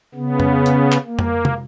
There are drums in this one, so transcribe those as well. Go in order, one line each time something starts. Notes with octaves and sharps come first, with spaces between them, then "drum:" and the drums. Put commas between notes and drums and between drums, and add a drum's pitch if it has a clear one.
C#3 B3
drum: tom F2
drum: hi-hat
drum: clap
A#3
drum: tom F2
drum: tom